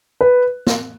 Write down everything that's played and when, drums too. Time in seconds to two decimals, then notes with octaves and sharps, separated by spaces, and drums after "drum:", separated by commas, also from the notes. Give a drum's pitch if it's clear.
0.21 B4
0.67 drum: snare